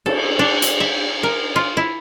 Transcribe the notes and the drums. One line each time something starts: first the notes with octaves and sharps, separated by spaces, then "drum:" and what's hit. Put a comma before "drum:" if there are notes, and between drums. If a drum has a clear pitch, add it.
A4, drum: cymbal
D4
drum: hi-hat
E5
A#4
F4
E4